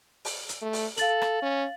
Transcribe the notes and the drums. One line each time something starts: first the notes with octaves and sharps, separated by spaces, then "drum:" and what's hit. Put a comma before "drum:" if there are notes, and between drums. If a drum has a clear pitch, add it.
drum: open hi-hat
drum: hi-hat
A3
drum: open hi-hat
A4 F5 A6 F#7, drum: hi-hat
drum: rim click
C#4